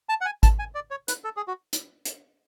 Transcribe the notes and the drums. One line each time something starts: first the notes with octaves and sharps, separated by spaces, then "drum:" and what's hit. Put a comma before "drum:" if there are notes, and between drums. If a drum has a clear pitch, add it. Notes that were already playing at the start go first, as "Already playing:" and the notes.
A5
F#5
G#5
A5, drum: kick G#1, hi-hat
G#5
D5
C#5
B4, drum: hi-hat
A4
G#4
F#4
drum: hi-hat
drum: hi-hat